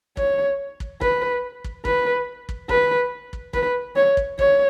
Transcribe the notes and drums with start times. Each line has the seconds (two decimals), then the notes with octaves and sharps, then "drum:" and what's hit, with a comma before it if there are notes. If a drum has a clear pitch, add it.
0.17 C#5, drum: kick
0.80 drum: kick
1.01 B4, drum: kick
1.64 drum: kick
1.85 B4, drum: kick
2.49 drum: kick
2.69 B4, drum: kick
3.33 drum: kick
3.53 B4, drum: kick
3.96 C#5
4.17 drum: kick
4.39 C#5, drum: kick